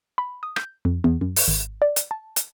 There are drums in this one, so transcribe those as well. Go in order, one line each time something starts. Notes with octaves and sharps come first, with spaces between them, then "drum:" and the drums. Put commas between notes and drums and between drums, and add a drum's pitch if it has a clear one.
B5
D#6
G6, drum: rim click
F2
E2
F#2
drum: open hi-hat
G#1
D5
drum: hi-hat
A5
drum: hi-hat